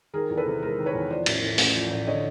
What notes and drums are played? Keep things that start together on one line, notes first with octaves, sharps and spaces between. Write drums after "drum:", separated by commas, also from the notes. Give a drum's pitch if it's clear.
D#3 G#4 A#4
E2
A4 B4
C3
G#3 A#4 C5
D#3
B4 C#5
E2
F3 C5 D5
A1, drum: cymbal
A2
A1, drum: open hi-hat
F3
A1
D3 C#5 D#5